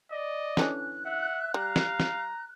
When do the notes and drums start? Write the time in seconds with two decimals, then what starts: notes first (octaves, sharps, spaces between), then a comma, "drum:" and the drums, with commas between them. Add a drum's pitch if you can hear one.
0.11 D5 D#5
0.57 D3 E3 C#4 F#6, drum: snare
1.06 E5 F#5
1.54 G3 F5 A#5
1.76 drum: snare
2.00 drum: snare